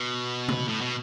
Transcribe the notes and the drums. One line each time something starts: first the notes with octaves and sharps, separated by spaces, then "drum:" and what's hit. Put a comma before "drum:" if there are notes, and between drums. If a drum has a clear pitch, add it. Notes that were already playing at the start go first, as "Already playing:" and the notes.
Already playing: B2
drum: tom
A2
B2